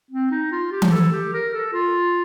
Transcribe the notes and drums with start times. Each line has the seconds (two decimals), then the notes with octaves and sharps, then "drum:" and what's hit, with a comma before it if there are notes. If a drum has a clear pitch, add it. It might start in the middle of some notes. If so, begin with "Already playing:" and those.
0.11 C4
0.31 D#4
0.52 F4
0.72 G4
0.82 drum: tom E3
0.91 A4
1.13 G4
1.33 A#4
1.54 A4
1.73 F4